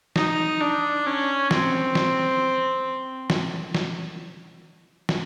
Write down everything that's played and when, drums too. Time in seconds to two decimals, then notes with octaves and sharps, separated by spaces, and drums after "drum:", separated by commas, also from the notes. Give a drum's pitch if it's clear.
0.16 D#4, drum: snare
0.61 D4
1.06 C#4
1.51 C4, drum: snare
1.95 drum: snare
3.30 drum: snare
3.75 drum: snare
5.09 drum: snare